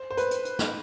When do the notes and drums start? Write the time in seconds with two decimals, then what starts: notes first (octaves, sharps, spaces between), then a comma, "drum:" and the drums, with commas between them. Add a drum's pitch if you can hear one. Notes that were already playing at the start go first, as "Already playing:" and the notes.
Already playing: C5
0.11 C5
0.17 B4, drum: hi-hat
0.31 drum: hi-hat
0.45 drum: hi-hat
0.59 drum: snare